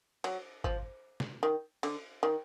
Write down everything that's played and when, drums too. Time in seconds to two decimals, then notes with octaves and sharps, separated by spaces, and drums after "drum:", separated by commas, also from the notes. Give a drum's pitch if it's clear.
0.24 F#3, drum: cymbal
0.64 F3, drum: kick G#1
1.20 drum: snare
1.43 D#3
1.83 D3, drum: cymbal
2.23 D#3